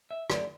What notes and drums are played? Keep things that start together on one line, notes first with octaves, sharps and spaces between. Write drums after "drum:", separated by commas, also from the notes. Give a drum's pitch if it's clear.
E5
F#2 D3 A3 D5, drum: rim click